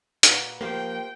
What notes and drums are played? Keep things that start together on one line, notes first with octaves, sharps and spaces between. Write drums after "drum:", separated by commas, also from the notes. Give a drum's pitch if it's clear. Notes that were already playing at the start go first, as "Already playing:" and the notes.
A#2 F#4 B4, drum: hi-hat
F3 A#3 G4 C5 G5